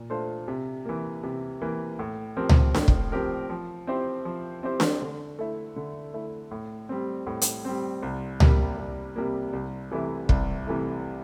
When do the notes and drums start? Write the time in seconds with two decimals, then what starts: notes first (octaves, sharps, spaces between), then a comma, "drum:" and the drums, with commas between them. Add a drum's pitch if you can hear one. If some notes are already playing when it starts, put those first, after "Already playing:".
Already playing: A#2
0.10 A3 D4 F4 C5
0.48 C3
0.85 E3 A#3
1.23 C3
1.62 E3 A#3
1.99 A2
2.37 F3 C4 G4 A#4
2.49 drum: tom C#2
2.74 A2, drum: snare D4
2.88 drum: kick
3.12 F3 C4 G4 A#4
3.50 F3
3.87 C4 E4 G4 C5
4.25 F3
4.63 C4 E4 G4 C5
4.80 drum: snare D4
5.01 D3
5.39 A3 E4
5.76 D3
6.14 A3 E4
6.51 A2
6.89 G3 C4
7.27 A2
7.41 drum: hi-hat
7.65 G3 C4
8.03 C2
8.40 C3 G3 A#3, drum: tom C#2
8.78 C2
9.16 C3 G3 A#3
9.53 C2
9.91 C3 E3 A3 E4
10.29 C2, drum: kick
10.67 C3 E3 A3 E4